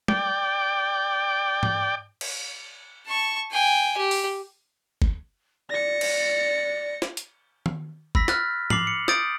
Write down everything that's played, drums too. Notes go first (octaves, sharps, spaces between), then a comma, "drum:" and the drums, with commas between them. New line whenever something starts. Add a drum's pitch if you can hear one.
D5 G5, drum: tom G3
drum: tom G#2
drum: cymbal
A5 C#6
G5 G#5
G4
drum: open hi-hat
drum: kick F#1
D5 A#6 C#7
drum: cymbal
drum: snare
drum: hi-hat
drum: tom D#3
B5 E6 A#6 B6, drum: kick F#1
F6 F#6 A6, drum: snare
D6 A6 C7 F7 F#7, drum: tom G#2
C#7
D#6 G6 A6 D7, drum: snare